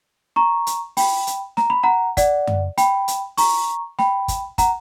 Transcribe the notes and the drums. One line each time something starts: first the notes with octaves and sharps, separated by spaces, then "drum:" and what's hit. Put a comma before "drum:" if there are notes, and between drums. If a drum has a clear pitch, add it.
A#5 C#6
drum: hi-hat
G5 B5, drum: open hi-hat
drum: hi-hat
A#5, drum: snare
B5
F#5 A#5
D5 F#5, drum: kick, hi-hat
drum: tom F#2
G5 B5, drum: hi-hat
drum: hi-hat
A#5 C#6, drum: open hi-hat
G5 B5, drum: snare
drum: kick, hi-hat
F#5 A#5, drum: kick, hi-hat